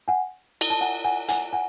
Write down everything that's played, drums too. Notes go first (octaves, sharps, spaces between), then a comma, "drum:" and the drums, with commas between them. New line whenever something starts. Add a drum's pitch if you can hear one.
F#5 G#5
drum: cymbal
A5
F#5 G#5
F#5 G#5
F#5 G#5, drum: hi-hat
F#5 G#5